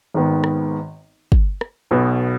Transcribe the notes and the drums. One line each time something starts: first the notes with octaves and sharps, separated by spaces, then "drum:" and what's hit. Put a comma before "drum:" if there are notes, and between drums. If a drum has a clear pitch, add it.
G#1 G#2 D#3 B3
drum: rim click
drum: kick
drum: rim click
B1 B2 B3